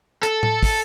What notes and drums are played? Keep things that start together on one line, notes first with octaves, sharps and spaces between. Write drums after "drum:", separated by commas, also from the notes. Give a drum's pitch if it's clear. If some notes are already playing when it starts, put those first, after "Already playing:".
A4, drum: hi-hat
drum: tom A2
drum: kick, open hi-hat